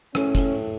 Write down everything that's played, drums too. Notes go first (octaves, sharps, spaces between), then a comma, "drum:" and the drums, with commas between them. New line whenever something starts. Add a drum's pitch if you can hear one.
A2 C#4, drum: rim click
drum: kick, hi-hat